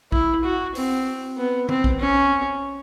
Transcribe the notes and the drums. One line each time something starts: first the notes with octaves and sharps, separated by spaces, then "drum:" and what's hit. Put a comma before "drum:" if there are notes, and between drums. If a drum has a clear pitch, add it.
E4, drum: kick A#1
F#4
C4, drum: open hi-hat
B3
C4, drum: tom
drum: kick A#1
C#4